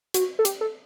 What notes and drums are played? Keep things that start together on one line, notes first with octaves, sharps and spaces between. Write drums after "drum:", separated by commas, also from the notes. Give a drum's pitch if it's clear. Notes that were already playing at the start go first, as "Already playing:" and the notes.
F#4, drum: hi-hat
A4
G4, drum: hi-hat
A4